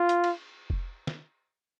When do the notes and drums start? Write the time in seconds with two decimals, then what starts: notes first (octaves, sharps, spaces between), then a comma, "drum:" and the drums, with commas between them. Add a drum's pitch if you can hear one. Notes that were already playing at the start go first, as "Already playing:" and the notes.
Already playing: F4
0.09 drum: hi-hat
0.24 drum: cymbal
0.70 drum: kick F1
1.07 drum: snare